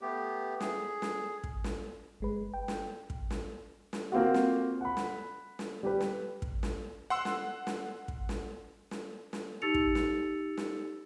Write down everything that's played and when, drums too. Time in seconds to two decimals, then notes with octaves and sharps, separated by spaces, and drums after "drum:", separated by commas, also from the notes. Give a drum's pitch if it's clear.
0.01 A3 B3 G4
0.60 G#4, drum: snare
1.02 drum: snare
1.44 drum: kick
1.64 drum: snare
2.20 G1 G#3 B4
2.54 G5
2.68 drum: snare
3.10 drum: kick
3.30 drum: snare
3.93 drum: snare
4.12 A#3 C4 F4 F#4
4.34 drum: snare
4.81 F#5 B5
4.97 drum: snare
5.59 drum: snare
5.83 G3 G4 B4
6.00 drum: snare
6.42 drum: kick
6.63 drum: snare
7.10 F#5 C6 E6
7.25 drum: snare
7.67 drum: snare
8.08 drum: kick
8.29 drum: snare
8.91 drum: snare
9.33 drum: snare
9.62 D#4 G4 E6 A6 C#7 F7
9.74 drum: kick
9.95 drum: snare
10.57 drum: snare